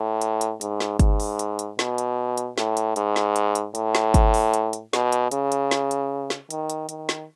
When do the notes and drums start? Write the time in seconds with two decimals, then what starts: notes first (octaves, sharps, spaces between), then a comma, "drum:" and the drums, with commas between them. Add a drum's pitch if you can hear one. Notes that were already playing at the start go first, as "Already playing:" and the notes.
Already playing: A2
0.22 drum: hi-hat
0.41 drum: hi-hat
0.61 G#2, drum: hi-hat
0.80 drum: snare
0.99 G#2, drum: kick G1, hi-hat
1.20 drum: open hi-hat
1.39 drum: hi-hat
1.59 drum: hi-hat
1.79 B2, drum: snare
1.98 drum: hi-hat
2.38 drum: hi-hat
2.58 A2, drum: snare
2.77 drum: hi-hat
2.96 G#2, drum: hi-hat
3.16 drum: snare
3.36 drum: hi-hat
3.55 drum: hi-hat
3.75 A2, drum: hi-hat
3.95 drum: snare
4.14 drum: kick G1, hi-hat
4.34 drum: open hi-hat
4.54 drum: hi-hat
4.73 drum: hi-hat
4.93 B2, drum: snare
5.12 drum: hi-hat
5.32 C#3, drum: hi-hat
5.52 drum: hi-hat
5.71 drum: snare
5.91 drum: hi-hat
6.30 drum: snare
6.51 D#3, drum: hi-hat
6.70 drum: hi-hat
6.89 D#3, drum: hi-hat
7.09 drum: snare